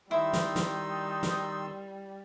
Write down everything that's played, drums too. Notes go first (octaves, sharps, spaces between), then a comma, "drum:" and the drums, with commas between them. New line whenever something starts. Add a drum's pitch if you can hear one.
D#3 G3 D#4 E4 C6 E6
drum: snare
drum: snare
drum: snare